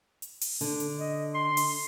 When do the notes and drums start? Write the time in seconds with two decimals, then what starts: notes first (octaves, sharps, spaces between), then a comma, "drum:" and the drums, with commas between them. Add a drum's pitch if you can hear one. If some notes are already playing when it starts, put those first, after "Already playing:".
0.22 drum: hi-hat
0.41 drum: open hi-hat
0.61 D3, drum: hi-hat
0.80 drum: hi-hat
0.99 D#5
1.34 C6
1.57 drum: open hi-hat